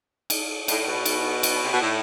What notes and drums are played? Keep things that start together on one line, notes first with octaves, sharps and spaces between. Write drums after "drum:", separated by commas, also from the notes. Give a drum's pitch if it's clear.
drum: cymbal
A2, drum: cymbal
B2
drum: cymbal
drum: cymbal
C3
B2
A2